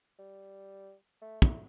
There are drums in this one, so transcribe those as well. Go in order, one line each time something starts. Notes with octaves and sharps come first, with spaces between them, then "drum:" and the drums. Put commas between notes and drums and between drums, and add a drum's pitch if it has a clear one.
G3
A3
A3, drum: kick